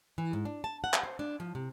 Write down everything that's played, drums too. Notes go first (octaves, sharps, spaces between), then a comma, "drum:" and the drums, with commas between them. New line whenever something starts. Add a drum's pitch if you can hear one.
E3
G#2
D4
A5
F#5
drum: clap
C5
D4
F3
C3